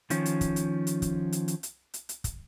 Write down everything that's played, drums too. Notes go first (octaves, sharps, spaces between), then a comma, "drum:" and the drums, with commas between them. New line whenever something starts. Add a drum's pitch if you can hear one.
D#3 F3 C#4, drum: hi-hat
drum: hi-hat
drum: kick, hi-hat
drum: hi-hat
drum: hi-hat
drum: kick, hi-hat
drum: hi-hat
drum: hi-hat
drum: hi-hat
drum: hi-hat
drum: hi-hat
drum: kick, hi-hat